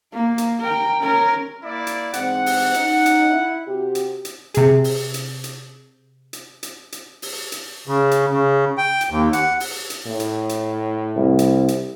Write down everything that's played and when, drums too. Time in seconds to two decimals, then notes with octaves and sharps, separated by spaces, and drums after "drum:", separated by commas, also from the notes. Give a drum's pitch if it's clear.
0.13 A#3
0.38 drum: hi-hat
0.60 A#4 G5
1.01 C#4 A#4
1.63 A#3 E4 D5
1.87 drum: hi-hat
2.13 G#2 E3 C4 F#5, drum: hi-hat
2.46 drum: open hi-hat
2.74 C#4 D#4, drum: hi-hat
3.06 drum: hi-hat
3.30 E4
3.67 C3 F#4 G4
3.95 drum: hi-hat
4.25 drum: hi-hat
4.54 C3 G#4, drum: hi-hat
4.84 drum: open hi-hat
5.14 drum: hi-hat
5.44 drum: hi-hat
6.33 drum: hi-hat
6.63 drum: hi-hat
6.92 drum: hi-hat
7.22 drum: open hi-hat
7.52 drum: hi-hat
7.87 C#3
8.11 drum: hi-hat
8.32 C#3
8.78 G5
9.01 drum: hi-hat
9.10 D#2
9.33 F#5, drum: hi-hat
9.60 drum: open hi-hat
9.90 drum: hi-hat
10.07 A2
10.20 drum: hi-hat
10.49 drum: hi-hat
11.17 C2
11.39 drum: hi-hat
11.68 drum: hi-hat